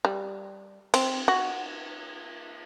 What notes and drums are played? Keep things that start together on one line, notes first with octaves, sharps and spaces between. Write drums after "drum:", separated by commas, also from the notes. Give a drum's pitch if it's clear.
G3
C4, drum: cymbal
F#4